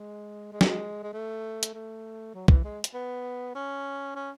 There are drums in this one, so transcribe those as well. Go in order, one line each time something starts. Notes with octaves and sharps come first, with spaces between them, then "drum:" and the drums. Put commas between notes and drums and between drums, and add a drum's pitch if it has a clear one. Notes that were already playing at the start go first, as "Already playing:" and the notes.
Already playing: G#3
G#3
A3, drum: snare
G#3
G#3
A3
drum: hi-hat
A3
F#3
E3, drum: kick C2
G#3
drum: hi-hat
B3
C#4
C#4